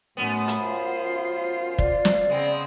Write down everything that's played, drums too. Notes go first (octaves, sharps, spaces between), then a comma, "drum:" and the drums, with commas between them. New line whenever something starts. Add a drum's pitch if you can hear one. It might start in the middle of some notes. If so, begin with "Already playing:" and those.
F#2 A2 B3
drum: hi-hat
F4 C5
D5, drum: kick
drum: snare
C#3 G#3 B3 C4